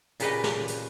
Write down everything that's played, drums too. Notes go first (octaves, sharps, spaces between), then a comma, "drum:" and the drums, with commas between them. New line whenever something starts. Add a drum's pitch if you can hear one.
A#2 C#3 G4 B4 D#5, drum: hi-hat
drum: snare
drum: hi-hat